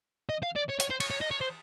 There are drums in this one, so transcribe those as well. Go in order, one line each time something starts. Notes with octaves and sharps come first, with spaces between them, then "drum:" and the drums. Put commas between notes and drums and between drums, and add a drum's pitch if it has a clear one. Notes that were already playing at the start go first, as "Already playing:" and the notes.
D#5
F5
D5
C#5
C#5, drum: hi-hat
C5
C#5, drum: cymbal
C#5
D#5
C#5
C5